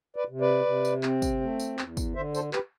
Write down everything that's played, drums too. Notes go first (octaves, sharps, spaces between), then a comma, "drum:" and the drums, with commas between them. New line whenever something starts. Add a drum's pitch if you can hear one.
B4 D5
C3
B4 D5
C3
drum: tambourine
C4, drum: clap
drum: kick, tambourine
A3
drum: tambourine
E2, drum: clap
drum: kick, tambourine
D3 C5 E5
A4 C5, drum: tambourine
G4 B4, drum: clap